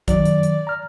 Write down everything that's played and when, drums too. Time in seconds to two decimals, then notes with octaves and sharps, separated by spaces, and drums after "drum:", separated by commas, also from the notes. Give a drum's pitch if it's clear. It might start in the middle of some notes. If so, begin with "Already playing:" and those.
0.08 F#2 D#3 F#3 D5, drum: kick A1, hi-hat
0.25 drum: hi-hat
0.43 drum: hi-hat
0.67 A#5 F6